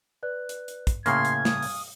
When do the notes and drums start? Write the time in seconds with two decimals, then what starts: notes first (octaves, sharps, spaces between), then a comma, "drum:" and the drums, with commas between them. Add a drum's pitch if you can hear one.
0.23 B4 D5 F#6
0.49 drum: hi-hat
0.68 drum: hi-hat
0.87 drum: kick, hi-hat
1.06 A2 C#3 A#3 F5 G#5 C6 F6 G#6, drum: hi-hat
1.25 drum: hi-hat
1.45 D#6, drum: snare
1.62 drum: open hi-hat